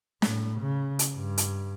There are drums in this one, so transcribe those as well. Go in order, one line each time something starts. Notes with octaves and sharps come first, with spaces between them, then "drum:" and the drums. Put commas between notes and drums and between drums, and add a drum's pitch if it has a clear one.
A2, drum: snare
C#3
drum: hi-hat
G2
drum: hi-hat